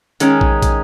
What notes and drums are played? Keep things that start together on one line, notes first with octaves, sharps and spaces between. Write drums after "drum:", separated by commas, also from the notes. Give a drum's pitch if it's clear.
D#3 G#3 C#4, drum: hi-hat
drum: kick
drum: kick, hi-hat